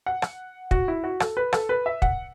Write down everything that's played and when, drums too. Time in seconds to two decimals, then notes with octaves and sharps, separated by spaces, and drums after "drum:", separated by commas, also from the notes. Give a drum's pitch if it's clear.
0.06 F#5
0.22 drum: rim click
0.71 F#4, drum: kick
0.88 E4
1.04 F#4
1.20 A4, drum: rim click
1.37 B4
1.53 A4, drum: rim click
1.69 B4
1.86 E5
2.02 F#5, drum: kick